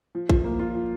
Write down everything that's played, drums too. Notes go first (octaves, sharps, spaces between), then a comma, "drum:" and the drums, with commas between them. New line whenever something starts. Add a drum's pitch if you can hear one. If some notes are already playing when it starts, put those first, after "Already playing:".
F3
F3, drum: kick A1
A#3
F4
F3